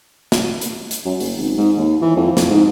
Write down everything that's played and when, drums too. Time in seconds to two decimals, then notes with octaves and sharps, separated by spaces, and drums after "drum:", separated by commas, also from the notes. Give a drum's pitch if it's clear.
0.32 drum: snare
0.61 drum: hi-hat
0.91 drum: hi-hat
1.05 F#2
1.20 F#1, drum: open hi-hat
1.38 G#1
1.58 G#2
1.77 D#2
2.02 E3
2.16 F2
2.37 F2, drum: snare
2.50 G#2